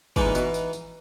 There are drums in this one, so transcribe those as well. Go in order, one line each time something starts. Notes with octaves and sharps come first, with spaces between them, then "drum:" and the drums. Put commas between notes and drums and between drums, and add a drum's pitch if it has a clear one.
G#2 E3 B3 D#4, drum: kick, tambourine
A#2
B2, drum: tambourine
drum: tambourine
drum: tambourine